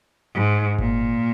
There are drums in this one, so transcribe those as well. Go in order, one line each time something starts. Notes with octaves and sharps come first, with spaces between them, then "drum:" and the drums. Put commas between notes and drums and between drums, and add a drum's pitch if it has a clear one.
G#2
A#2, drum: kick G1